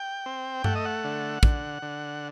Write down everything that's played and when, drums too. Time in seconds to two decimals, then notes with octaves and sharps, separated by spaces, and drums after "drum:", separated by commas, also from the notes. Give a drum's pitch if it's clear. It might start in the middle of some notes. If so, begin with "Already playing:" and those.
Already playing: G5
0.26 C4
0.64 A3 F#5, drum: tom G2
0.75 D#5
0.85 F#5
1.04 D3
1.43 D3, drum: kick
1.82 D3